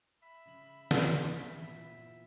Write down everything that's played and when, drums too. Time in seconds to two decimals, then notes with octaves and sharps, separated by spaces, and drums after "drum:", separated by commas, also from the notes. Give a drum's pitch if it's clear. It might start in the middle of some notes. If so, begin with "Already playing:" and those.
0.22 E5 B5
0.46 C#3 G#3
0.91 drum: snare
1.35 E5
1.61 A#2 E3 B3